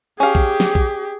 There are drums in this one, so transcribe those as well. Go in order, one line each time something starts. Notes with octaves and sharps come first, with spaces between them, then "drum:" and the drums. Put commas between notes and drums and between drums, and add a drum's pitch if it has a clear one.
C#4 G4 G#4 F5
drum: kick A#1
drum: snare
drum: kick A#1